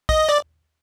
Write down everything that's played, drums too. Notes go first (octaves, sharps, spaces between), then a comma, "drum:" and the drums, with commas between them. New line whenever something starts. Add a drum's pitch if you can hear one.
D#5, drum: kick
D5